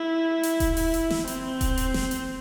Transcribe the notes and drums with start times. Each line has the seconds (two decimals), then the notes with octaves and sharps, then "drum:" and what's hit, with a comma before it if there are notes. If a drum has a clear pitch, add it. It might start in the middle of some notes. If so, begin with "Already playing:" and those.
Already playing: E4
0.43 drum: hi-hat
0.60 drum: kick D#1, hi-hat
0.77 E4, drum: open hi-hat
0.94 drum: hi-hat
1.10 drum: snare
1.27 C4, drum: hi-hat
1.61 drum: kick D#1, hi-hat
1.77 drum: hi-hat
1.94 drum: snare
2.11 drum: hi-hat